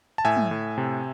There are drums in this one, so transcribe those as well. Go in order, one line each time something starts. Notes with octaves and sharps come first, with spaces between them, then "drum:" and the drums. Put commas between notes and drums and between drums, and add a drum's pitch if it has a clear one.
A5
A2 E5 G#5
drum: tom
A2
C3